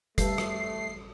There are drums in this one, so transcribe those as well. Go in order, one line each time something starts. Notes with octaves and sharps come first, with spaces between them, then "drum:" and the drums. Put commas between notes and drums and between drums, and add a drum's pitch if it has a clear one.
G3 A3 G4 A4 B4 C7, drum: kick F#1, hi-hat
drum: rim click